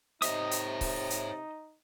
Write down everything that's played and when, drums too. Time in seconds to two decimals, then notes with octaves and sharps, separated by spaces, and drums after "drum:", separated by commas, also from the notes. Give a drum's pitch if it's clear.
0.22 C3 D#4 C#5 D#5 E5 D#6, drum: hi-hat
0.51 drum: hi-hat
0.81 drum: kick C#1, open hi-hat
1.10 drum: hi-hat